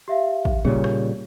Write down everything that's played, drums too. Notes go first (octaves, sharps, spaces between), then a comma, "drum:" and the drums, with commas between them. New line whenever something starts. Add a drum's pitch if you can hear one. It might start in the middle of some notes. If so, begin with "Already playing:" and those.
G4 E5 F5
drum: kick
A#2 C#3 G3 G#4 C#5
drum: rim click